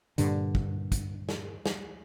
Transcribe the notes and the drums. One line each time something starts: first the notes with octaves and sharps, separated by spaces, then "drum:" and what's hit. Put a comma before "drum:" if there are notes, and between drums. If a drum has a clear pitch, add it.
G2 A#2 D3, drum: hi-hat
drum: kick
drum: kick, hi-hat
drum: snare
drum: snare